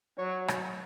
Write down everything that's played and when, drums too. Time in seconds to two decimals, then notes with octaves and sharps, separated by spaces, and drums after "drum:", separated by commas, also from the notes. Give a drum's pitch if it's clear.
0.18 F#3 C#5
0.48 drum: rim click